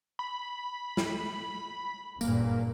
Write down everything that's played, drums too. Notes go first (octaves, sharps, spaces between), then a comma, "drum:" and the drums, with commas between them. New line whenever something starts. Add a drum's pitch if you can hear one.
B5
drum: snare
F#1 G2 A#2 A#3, drum: tambourine